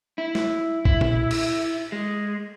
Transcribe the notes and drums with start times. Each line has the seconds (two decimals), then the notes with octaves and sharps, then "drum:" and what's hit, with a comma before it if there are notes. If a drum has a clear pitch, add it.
0.18 E4
0.35 drum: snare
0.85 E4, drum: kick A#1
1.01 drum: tom A#2
1.31 drum: cymbal
1.92 G#3